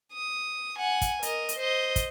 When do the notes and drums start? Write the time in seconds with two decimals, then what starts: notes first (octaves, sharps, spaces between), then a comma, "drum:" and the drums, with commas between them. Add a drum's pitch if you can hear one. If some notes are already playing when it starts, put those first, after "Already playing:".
0.13 D#6
0.78 F#5 G#5
1.01 drum: kick, hi-hat
1.22 A#4 D#5, drum: hi-hat
1.49 drum: hi-hat
1.58 C5 D#5
1.96 drum: kick, hi-hat